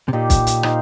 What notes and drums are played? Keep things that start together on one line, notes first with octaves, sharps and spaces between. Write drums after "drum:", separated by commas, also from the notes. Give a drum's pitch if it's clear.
C3
A#2 D#4 G4 D#5
drum: kick, hi-hat
drum: hi-hat
D#4 C5 F5, drum: rim click